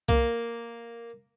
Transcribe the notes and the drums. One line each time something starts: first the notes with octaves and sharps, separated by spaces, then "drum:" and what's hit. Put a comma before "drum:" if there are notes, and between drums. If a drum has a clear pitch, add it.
A#3, drum: kick C2